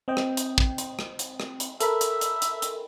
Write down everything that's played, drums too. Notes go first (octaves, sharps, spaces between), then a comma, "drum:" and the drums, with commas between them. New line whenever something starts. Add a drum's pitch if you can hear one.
C4 D#5 G5
drum: rim click
drum: hi-hat
drum: kick
drum: hi-hat
drum: rim click
drum: hi-hat
drum: rim click
drum: hi-hat
A4 A#4 E5 B5, drum: hi-hat
drum: hi-hat
drum: hi-hat
drum: hi-hat
drum: hi-hat